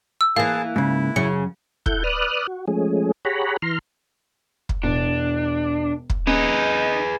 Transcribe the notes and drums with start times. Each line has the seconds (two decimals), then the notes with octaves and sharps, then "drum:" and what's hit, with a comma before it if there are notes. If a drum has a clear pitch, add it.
0.21 E6
0.36 E3 A#3 E4 G#4 F5 A5
0.76 G#2 C#3 E4
1.16 F#2 C#3 C#7
1.86 E4 A4 F#5 G6, drum: kick
2.04 B4 D5 D#6 F6 F#6
2.47 F#4
2.68 F3 G#3 A3 C#4 G#4
3.25 G4 G#4 C#5 F#5 A#5 B5
3.62 E3 A#5 C6 F6
4.69 drum: kick
4.83 E1 D4
6.10 drum: kick
6.27 C#4 D#4 G#4 B4